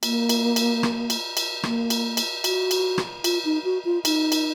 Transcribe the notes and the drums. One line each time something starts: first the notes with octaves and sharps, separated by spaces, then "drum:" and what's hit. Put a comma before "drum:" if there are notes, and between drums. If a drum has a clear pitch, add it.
A#3, drum: cymbal
drum: cymbal
drum: cymbal
drum: rim click
drum: cymbal
drum: cymbal
A#3, drum: rim click
drum: cymbal
drum: cymbal
F#4, drum: cymbal
drum: cymbal
drum: rim click
F4, drum: cymbal
D#4
F#4
F4
D#4, drum: cymbal
drum: cymbal